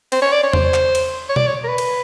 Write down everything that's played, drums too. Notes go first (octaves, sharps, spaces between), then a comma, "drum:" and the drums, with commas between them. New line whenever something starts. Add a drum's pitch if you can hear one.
C5, drum: cymbal
C#5
D5
C#5
C5, drum: tom E2
drum: clap
drum: cymbal
C#5
D5, drum: tom B2
C#5
A#4
B4
drum: cymbal